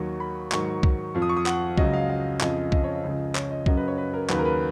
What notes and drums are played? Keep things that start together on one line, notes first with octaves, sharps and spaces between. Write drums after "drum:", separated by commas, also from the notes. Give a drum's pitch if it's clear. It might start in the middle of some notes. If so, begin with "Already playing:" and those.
Already playing: D#2 D#3 F#3 C#6
B5
G#2 D#3 F#3 C#6, drum: clap
drum: kick
F2 F3
D#6
C#6
D#6
F#5, drum: clap
C#2 C#3 F#3 D#5, drum: kick
F5
F5
F2 C#3 F3 D#5, drum: clap
D#5, drum: kick
C#5
D#5
C#2 C#3 F3
C#5, drum: clap
D#5
F#2 C#3 F#3 D#5, drum: kick
B4
C#5
B4
A#4
D#2 C#3 F#3 B4, drum: clap
A#4
B4